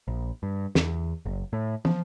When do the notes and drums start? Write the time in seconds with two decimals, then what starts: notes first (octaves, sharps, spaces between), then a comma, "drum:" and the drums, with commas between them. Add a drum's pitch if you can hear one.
0.08 A#1
0.43 G2
0.75 E2, drum: snare
1.25 F#1
1.53 A2
1.85 F3, drum: tom